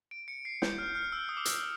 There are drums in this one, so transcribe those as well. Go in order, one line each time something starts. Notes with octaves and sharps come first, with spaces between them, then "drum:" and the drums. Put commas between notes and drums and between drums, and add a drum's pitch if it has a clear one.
D7
C#7
C7
G6, drum: snare
F6
F6
E6
D#6
D6
D#6, drum: hi-hat